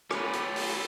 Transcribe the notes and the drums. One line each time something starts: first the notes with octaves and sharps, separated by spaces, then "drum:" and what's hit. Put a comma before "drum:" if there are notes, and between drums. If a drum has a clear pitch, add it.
C#4 B4, drum: rim click
drum: hi-hat
drum: open hi-hat